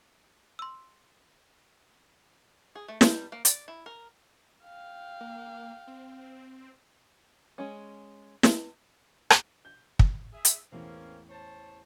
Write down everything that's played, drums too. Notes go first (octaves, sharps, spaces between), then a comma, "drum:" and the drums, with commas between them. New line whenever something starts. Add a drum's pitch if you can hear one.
C6 E6
G#4
A3
G3, drum: snare
A#3
D5, drum: hi-hat
E4
A#4
F5 G5
A#3
C4
G#3 C#4
drum: snare
drum: rim click
G6
drum: kick
G#4 E5
drum: hi-hat
A1 E2 A#3 C4 C#4
C5 C#5 A5